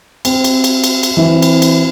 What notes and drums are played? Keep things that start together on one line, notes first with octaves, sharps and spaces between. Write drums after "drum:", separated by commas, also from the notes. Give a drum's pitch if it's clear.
C4, drum: cymbal
drum: cymbal
drum: cymbal
drum: cymbal
drum: cymbal
E3 C4
drum: cymbal
drum: cymbal